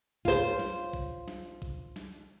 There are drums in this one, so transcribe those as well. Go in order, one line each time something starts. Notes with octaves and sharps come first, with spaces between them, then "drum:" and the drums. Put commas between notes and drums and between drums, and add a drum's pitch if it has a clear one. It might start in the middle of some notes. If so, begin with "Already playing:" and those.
F4 C5, drum: kick A#1
drum: snare
drum: kick A#1
drum: snare
drum: kick A#1
drum: snare